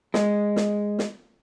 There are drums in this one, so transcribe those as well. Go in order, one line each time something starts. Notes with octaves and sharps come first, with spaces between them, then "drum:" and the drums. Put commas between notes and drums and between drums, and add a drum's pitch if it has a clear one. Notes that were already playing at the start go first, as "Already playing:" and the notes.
G#3, drum: snare
drum: snare
drum: snare